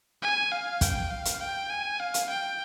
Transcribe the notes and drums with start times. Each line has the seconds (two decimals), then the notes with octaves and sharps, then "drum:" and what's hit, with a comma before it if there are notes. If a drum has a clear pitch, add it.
0.22 G#5
0.52 F5
0.81 G5, drum: kick, hi-hat
1.11 F5
1.25 drum: hi-hat
1.41 G5
1.70 G#5
1.99 F5
2.14 drum: hi-hat
2.29 G5